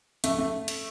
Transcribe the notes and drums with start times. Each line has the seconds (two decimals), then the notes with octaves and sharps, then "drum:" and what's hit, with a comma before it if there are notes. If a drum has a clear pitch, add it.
0.24 A3, drum: hi-hat
0.38 A3
0.68 drum: cymbal